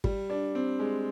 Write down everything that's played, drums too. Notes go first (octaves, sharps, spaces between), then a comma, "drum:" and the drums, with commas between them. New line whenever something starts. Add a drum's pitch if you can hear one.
G3, drum: kick G#1
D4
C4
G#3